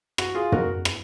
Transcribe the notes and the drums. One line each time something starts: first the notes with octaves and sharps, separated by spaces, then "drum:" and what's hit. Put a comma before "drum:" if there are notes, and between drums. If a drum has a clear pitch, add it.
F#4, drum: rim click
F4 G#4
F#4 A#4, drum: tom
drum: rim click